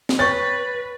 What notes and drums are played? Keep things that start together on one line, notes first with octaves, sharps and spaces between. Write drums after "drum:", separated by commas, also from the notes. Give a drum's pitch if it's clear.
drum: snare
B4 C#5 G5 C#6 A6